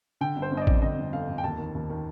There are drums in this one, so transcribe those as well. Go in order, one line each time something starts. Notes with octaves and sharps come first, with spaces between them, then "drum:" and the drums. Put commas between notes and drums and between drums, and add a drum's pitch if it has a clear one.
D3 G5
G1
C5
G1
D#5
D5
F2, drum: kick A1
D3 D#5
G1
G1 F5
F2
G5
D#2 A5
D#3
D#2
D#3